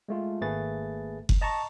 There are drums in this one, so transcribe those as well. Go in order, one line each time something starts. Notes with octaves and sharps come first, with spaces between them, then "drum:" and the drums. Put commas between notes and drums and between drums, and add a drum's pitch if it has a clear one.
G#3 A3 F4
G#1 A3 A#3 G#4 B4 A6
drum: kick F#1
D#5 A5 A#5 C#6